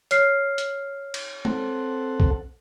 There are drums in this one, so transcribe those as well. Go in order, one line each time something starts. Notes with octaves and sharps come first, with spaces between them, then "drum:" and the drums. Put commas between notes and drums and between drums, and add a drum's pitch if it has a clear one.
C#5 F6 C7, drum: hi-hat
drum: hi-hat
drum: cymbal
C4 A4 F#5, drum: tom
drum: kick B1